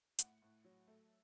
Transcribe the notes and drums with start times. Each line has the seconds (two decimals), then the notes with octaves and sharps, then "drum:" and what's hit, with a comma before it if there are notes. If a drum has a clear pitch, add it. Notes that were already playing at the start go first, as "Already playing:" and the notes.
0.19 A2 F#5, drum: hi-hat
0.42 A2
0.65 F#3
0.87 A3